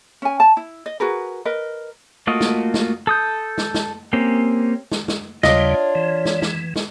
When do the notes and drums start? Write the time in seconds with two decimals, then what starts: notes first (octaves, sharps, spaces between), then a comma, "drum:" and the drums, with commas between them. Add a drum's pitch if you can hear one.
0.22 C#4 G#5
0.40 A5
0.57 E4
0.86 D#5
1.00 F#4 G#4 A#4 B4
1.45 A#4 B4 D#5
2.27 A3 A#3 F4 F#4 D#5
2.41 drum: snare
2.74 drum: snare
3.07 A4 D#6 G6
3.58 drum: snare
3.74 drum: snare
4.13 A#3 C4 C#4 G4
4.92 drum: snare
5.08 drum: snare
5.43 D#2 C#3 G3 D4 F4 C#5 D#5, drum: snare
5.95 E3
6.25 drum: snare
6.42 drum: snare
6.76 drum: snare